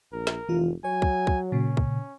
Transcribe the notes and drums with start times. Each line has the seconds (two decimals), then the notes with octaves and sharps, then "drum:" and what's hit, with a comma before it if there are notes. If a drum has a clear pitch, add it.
0.13 A#1 A#4
0.27 drum: snare
0.49 F1 E3 F4
0.85 F#3 C#5 G#5
1.02 drum: kick
1.27 drum: kick
1.52 A#2 C#3 C#4
1.77 drum: kick